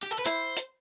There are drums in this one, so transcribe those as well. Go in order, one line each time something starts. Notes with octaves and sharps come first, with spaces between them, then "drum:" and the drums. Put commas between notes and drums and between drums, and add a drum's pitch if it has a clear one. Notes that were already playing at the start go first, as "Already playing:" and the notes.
G4
A4
B4
E4 C5, drum: hi-hat
drum: hi-hat